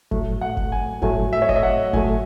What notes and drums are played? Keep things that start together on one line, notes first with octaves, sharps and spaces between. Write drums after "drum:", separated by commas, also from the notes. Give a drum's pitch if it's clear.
A2 F#3 A3, drum: kick F#1
F#5
drum: kick F#1
G#5
A2 F#3 A3 G#5, drum: kick F#1
E5
C#5
D#5, drum: kick F#1
E5
F#5
A2 F#3 A3 G#5, drum: kick F#1